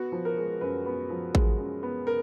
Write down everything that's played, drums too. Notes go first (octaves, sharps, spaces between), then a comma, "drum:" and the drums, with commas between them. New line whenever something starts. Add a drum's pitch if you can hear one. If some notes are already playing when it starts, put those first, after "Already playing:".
Already playing: B3 F#4
F3
A#4
G#3
F#2 B4
B3
F3
G#3, drum: kick A1
F#2
B3
A#4